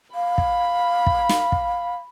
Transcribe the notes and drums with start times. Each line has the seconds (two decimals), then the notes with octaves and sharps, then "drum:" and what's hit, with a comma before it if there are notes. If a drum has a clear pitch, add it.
0.15 F5 B5
0.38 drum: kick
1.06 drum: kick
1.29 drum: snare
1.52 drum: kick